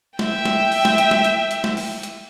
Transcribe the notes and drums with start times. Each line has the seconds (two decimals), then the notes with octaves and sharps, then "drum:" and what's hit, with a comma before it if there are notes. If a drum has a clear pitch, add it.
0.19 E5 G5, drum: snare
0.45 drum: snare
0.72 drum: open hi-hat
0.85 drum: snare
0.98 drum: hi-hat
1.11 drum: snare
1.24 drum: hi-hat
1.51 drum: hi-hat
1.64 drum: snare
1.77 drum: open hi-hat
2.03 drum: hi-hat